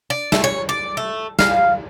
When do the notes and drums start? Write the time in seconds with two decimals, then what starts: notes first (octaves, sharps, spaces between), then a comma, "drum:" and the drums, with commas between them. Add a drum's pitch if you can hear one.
0.10 D5
0.32 A3, drum: snare
0.44 C#5
0.69 D5
0.97 A3
1.39 F5, drum: snare